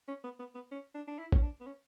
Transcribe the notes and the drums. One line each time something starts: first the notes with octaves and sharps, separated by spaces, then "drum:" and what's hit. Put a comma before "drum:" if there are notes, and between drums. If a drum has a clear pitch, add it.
C#4
B3
B3
B3
C#4
D4
D4
E4
C#4, drum: kick
D4
B3
C#4